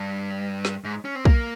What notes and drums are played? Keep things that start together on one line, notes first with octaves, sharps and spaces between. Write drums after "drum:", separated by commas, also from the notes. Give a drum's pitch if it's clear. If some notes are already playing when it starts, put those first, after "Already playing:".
Already playing: G2
drum: snare
G#2
C#4
C4
A#3, drum: kick